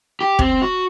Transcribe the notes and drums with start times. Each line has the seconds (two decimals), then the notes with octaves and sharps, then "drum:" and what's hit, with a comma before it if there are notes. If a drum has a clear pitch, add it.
0.21 G4
0.39 C4, drum: kick
0.62 F#4